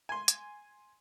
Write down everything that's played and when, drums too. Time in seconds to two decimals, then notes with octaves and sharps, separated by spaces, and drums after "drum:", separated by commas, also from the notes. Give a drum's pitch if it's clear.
0.09 G#5 C6
0.28 drum: hi-hat